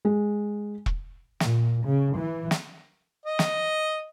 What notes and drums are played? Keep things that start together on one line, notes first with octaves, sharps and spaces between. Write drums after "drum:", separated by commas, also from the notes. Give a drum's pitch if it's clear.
G#3
drum: kick E1
A#2, drum: snare
C#3
E3
drum: snare
D#5
drum: snare